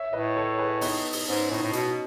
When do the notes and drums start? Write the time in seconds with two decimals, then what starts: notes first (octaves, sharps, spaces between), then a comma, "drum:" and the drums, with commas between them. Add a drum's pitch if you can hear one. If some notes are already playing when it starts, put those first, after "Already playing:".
Already playing: C#5 E5
0.12 A2 B4 D#5
0.37 A4 C#5
0.58 G#4 B4
0.81 B3 D#4, drum: open hi-hat
1.12 drum: open hi-hat
1.28 G#2 C#4
1.51 A2 B3 D#4
1.62 A2
1.73 B2, drum: hi-hat